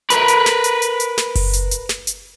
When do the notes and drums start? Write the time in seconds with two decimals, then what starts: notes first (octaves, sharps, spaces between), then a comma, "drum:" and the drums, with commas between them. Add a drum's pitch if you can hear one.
0.10 A#4 B4, drum: hi-hat
0.28 drum: hi-hat
0.46 drum: snare
0.64 drum: hi-hat
0.82 drum: hi-hat
1.00 drum: hi-hat
1.18 drum: snare
1.35 drum: kick F#1, open hi-hat
1.53 drum: hi-hat
1.71 drum: hi-hat
1.89 drum: snare
2.07 drum: hi-hat